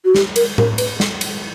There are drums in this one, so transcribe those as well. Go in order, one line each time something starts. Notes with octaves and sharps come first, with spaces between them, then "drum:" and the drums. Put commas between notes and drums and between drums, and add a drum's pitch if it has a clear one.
F#4
G4, drum: snare
A#4, drum: cymbal
A#4, drum: tom A2
B4, drum: cymbal
drum: snare
drum: cymbal